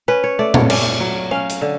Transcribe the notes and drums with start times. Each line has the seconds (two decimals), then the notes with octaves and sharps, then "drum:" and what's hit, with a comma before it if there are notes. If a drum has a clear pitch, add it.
0.08 C#4 B4
0.24 C#5
0.39 A3 D5
0.54 C#5, drum: tom A#2
0.70 C#4 D5, drum: cymbal
1.00 F#3
1.31 C#4 F5
1.49 drum: hi-hat
1.61 D3